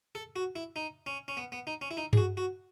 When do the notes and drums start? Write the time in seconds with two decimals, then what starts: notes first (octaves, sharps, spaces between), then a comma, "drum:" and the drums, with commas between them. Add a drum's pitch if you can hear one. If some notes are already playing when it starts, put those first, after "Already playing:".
0.15 A4
0.36 F#4
0.56 E4
0.76 D#4
1.06 C#4
1.28 C#4
1.37 B3
1.52 B3
1.67 D#4
1.81 C#4
1.91 E4
1.97 D#4
2.13 G#4, drum: tom G2
2.17 F#4
2.37 F#4